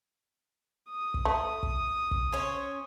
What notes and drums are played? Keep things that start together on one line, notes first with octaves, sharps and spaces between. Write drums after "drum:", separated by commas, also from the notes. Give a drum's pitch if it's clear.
D#6
drum: kick
A3
drum: kick
drum: kick
C#4 C5 C#5